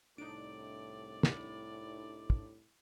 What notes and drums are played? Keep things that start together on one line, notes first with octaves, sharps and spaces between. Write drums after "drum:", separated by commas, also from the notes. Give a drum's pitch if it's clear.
C2 A2 D4 D#4 D5 D7
E4, drum: snare
drum: kick